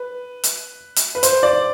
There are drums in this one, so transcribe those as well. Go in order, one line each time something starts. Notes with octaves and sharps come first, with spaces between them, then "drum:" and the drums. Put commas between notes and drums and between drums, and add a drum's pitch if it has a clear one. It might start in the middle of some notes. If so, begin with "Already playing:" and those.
Already playing: B4
drum: hi-hat
drum: hi-hat
B4
C5, drum: hi-hat
D5